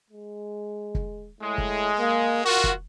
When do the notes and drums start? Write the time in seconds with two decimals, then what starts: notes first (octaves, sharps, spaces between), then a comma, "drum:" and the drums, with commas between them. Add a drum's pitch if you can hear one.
0.10 G#3
0.95 drum: kick
1.41 A2 G#3
1.58 drum: kick
1.98 A#3
2.45 F4 F#4 A#4
2.64 drum: kick